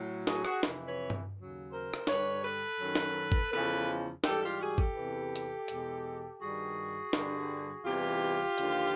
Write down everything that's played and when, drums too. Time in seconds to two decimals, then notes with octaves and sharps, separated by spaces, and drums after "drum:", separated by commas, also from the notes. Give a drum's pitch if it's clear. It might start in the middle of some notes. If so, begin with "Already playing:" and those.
Already playing: A2 F#3
0.27 F#4 G#4, drum: snare
0.45 F#4 G#4, drum: rim click
0.63 F2 C3 E3, drum: snare
0.87 B4 C#5
1.10 drum: tom G2
1.35 D#2 C#3 F#3
1.71 A#4 C5
1.94 drum: rim click
2.07 G2 D3 G3 B4 C#5, drum: snare
2.43 A4 B4
2.80 F#2 D#3 F#3, drum: tambourine
2.95 drum: snare
3.32 drum: kick
3.51 E2 C#3 F3 G#3 A4 B4
4.24 G#2 E3 G3 G4 A4, drum: snare
4.42 F4 G4
4.60 F#4 G#4
4.78 G4 A4, drum: kick
4.96 E2 C3 E3
5.36 drum: hi-hat
5.68 E2 B2 G#3, drum: hi-hat
6.41 G2 D#3 G3 F#4 G#4
7.13 G2 D3 G3, drum: snare
7.85 E2 C3 E3 G3 F4 G4
8.58 D#2 D3 F3, drum: hi-hat